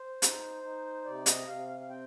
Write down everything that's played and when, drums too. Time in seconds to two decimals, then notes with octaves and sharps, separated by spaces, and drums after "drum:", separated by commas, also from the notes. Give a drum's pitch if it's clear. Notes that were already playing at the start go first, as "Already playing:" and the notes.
Already playing: C5
0.22 D#4, drum: hi-hat
0.63 D#4
1.05 C3 D5
1.26 D#5, drum: hi-hat
1.47 C3 F5
1.68 F5
1.80 F5
1.89 C4 G5